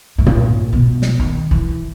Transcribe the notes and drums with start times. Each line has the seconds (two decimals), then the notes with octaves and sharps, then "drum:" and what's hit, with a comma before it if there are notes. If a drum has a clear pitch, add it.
0.18 A2
0.26 A#2, drum: tom
0.73 B2
1.02 drum: snare
1.19 D#3
1.51 E3